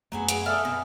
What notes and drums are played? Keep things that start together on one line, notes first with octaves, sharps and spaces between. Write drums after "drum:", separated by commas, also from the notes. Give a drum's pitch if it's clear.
F#2 F#3 A3 B3 G#4
F#5 D7 F7, drum: hi-hat
A4 D5 E5 F5 G#5 D#6 F6
B2 B3